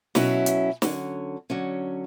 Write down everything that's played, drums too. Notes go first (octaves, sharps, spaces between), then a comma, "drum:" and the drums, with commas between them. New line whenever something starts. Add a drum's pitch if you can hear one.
B2 F#3 C#4 E4, drum: snare
drum: hi-hat
D3 F#3 C#4, drum: snare
D3 F#3 C#4